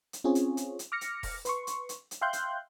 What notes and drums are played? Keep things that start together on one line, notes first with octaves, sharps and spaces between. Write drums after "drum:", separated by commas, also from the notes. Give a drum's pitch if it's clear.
drum: hi-hat
C4 C#4 F4 G#4 C#5
drum: hi-hat
drum: hi-hat
drum: hi-hat
D6 F6 A#6 C#7
drum: hi-hat
drum: kick E1, open hi-hat
B4 C6 C#6, drum: hi-hat
drum: hi-hat
drum: hi-hat
drum: hi-hat
E5 F5 G5 C6 F#6 G6
drum: hi-hat